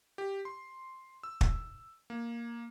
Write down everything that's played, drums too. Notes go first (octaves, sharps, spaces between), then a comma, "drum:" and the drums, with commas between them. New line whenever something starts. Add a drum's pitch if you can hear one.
G4
C6
E6
drum: kick
A#3